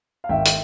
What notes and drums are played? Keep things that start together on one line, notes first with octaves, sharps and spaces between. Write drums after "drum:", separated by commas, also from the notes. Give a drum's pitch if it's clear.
F5
G#1 E5 G5
drum: hi-hat